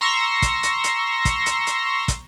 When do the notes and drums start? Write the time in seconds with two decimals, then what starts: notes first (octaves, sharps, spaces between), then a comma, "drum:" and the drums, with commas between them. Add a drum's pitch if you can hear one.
0.01 A#5 C6 C#6 E6 A#6
0.42 drum: kick, hi-hat
0.63 drum: hi-hat
0.84 drum: hi-hat
1.25 drum: kick, hi-hat
1.46 drum: hi-hat
1.67 drum: hi-hat
2.08 drum: kick, hi-hat